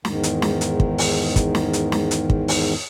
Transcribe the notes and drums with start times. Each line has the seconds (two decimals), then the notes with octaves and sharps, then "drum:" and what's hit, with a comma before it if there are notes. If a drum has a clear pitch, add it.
0.05 E2 G#2 D#3, drum: snare
0.23 drum: hi-hat
0.42 drum: snare
0.61 drum: hi-hat
0.80 drum: kick
0.98 drum: open hi-hat
1.36 drum: kick, hi-hat
1.55 drum: snare
1.73 drum: hi-hat
1.92 drum: snare
2.11 drum: hi-hat
2.30 drum: kick
2.48 drum: open hi-hat